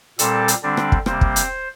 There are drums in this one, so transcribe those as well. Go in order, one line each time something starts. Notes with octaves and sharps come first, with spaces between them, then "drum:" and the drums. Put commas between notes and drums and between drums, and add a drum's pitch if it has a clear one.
A#2 G3 C4 A4 A5, drum: hi-hat
drum: hi-hat
D3 G3 C4 D4 D5
drum: rim click
drum: kick
C3 G3 A#3 C4 C5, drum: rim click
drum: kick
drum: hi-hat